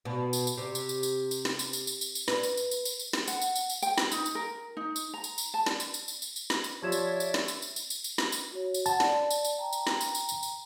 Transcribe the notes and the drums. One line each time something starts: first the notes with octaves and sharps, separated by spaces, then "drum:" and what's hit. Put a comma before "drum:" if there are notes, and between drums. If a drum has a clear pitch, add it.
B2
drum: tambourine
drum: tambourine
C3
drum: tambourine
drum: tambourine
drum: tambourine
drum: tambourine
drum: snare
drum: tambourine
drum: tambourine
drum: tambourine
drum: tambourine
drum: tambourine
B4, drum: snare
drum: tambourine
drum: tambourine
drum: tambourine
drum: tambourine
drum: tambourine
drum: snare
F#5, drum: tambourine
drum: tambourine
drum: tambourine
drum: tambourine
G5, drum: tambourine
drum: snare
D#4, drum: tambourine
drum: tambourine
A#4
D#4
drum: tambourine
A#5
drum: tambourine
drum: tambourine
A5
D5, drum: snare
drum: tambourine
drum: tambourine
drum: tambourine
drum: tambourine
drum: tambourine
drum: snare
drum: tambourine
F3 G4 C#5 D5 E5 G#6 E7
drum: tambourine
drum: tambourine
drum: snare
drum: tambourine
drum: tambourine
drum: tambourine
drum: tambourine
drum: tambourine
drum: snare
drum: tambourine
F#4 C#5
drum: tambourine
F#5 A5, drum: tambourine
D5, drum: snare
drum: tambourine
drum: tambourine
G5 A#5
drum: tambourine
drum: snare
drum: tambourine
drum: tambourine
drum: tambourine
drum: tambourine